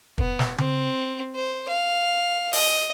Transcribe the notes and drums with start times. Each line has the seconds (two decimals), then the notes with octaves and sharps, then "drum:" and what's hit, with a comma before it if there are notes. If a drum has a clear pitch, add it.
0.18 B3, drum: kick
0.39 drum: snare
0.58 C4, drum: tom C#3
1.35 C5
1.68 F5
2.53 D#5, drum: open hi-hat